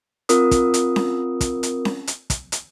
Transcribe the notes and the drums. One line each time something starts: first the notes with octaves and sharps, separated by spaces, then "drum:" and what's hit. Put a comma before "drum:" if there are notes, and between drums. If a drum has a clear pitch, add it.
C4 F4 A#4 D#6, drum: hi-hat
drum: kick, hi-hat
drum: hi-hat
drum: snare C#4
drum: kick, hi-hat
drum: hi-hat
drum: snare C#4
drum: hi-hat
drum: kick, hi-hat
drum: hi-hat